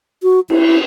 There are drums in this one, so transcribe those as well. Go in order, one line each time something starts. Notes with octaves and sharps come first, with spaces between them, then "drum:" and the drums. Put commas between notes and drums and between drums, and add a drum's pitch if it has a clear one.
F#4
E4, drum: cymbal